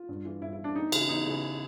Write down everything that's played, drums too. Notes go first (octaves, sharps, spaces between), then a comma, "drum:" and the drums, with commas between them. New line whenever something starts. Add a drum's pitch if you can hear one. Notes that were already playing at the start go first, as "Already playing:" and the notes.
Already playing: F4
G2
E3
G2 E4
E4
E3
D4
E2 D#4
C#3 E3, drum: cymbal
E2 D#4
C#3 E3